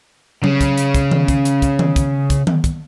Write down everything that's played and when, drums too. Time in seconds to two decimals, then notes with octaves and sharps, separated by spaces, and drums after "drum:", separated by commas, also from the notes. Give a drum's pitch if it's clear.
0.44 C#3 C#4, drum: tom F#3
0.61 drum: kick, hi-hat
0.78 drum: hi-hat
0.95 drum: kick, hi-hat
1.11 drum: tom D#3
1.28 drum: kick, hi-hat
1.45 drum: hi-hat
1.62 drum: kick, hi-hat
1.79 drum: tom D#3
1.96 drum: kick, hi-hat
2.30 drum: kick, hi-hat
2.47 drum: tom D#3
2.64 drum: kick, hi-hat